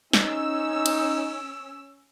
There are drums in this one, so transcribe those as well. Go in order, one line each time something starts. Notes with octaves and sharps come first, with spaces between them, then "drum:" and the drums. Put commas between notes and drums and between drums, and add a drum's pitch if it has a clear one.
C#4 D#4 E6, drum: snare
drum: cymbal